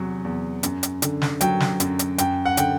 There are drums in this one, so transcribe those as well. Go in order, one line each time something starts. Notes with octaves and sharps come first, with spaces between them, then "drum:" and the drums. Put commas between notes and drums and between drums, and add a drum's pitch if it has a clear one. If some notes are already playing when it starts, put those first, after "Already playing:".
Already playing: E2 C3 F#3
E2
F#2, drum: hi-hat
drum: hi-hat
D3, drum: hi-hat
drum: snare
F#3 G5, drum: hi-hat
drum: snare
F#2, drum: hi-hat
drum: hi-hat
F#2 G5, drum: hi-hat
F#5
D3 G5, drum: hi-hat